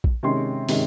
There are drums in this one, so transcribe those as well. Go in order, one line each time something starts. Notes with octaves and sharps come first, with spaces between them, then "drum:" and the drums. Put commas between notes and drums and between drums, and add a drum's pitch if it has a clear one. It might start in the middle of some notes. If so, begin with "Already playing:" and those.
drum: kick A#1
C3 D#3 G#3 C#4 C6
C3 D#3 G#3 C#4, drum: open hi-hat